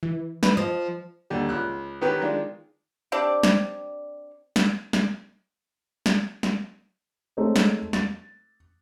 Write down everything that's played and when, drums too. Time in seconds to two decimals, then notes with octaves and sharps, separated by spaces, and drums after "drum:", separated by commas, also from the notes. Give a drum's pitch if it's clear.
0.03 E3
0.43 B4, drum: snare
0.57 F3 D#5
1.30 D#2 D3 G3
1.49 C#2 F#6
2.01 D#3 B3 C#4 G4 A#4 B4
2.21 D#3 G#3 D4 F4
3.12 C4 D4 G4 D5
3.43 drum: snare
4.56 drum: snare
4.93 drum: snare
6.06 drum: snare
6.43 drum: snare
7.37 G#3 A3 C4 D#4 C5 C#5
7.56 drum: snare
7.93 A6, drum: snare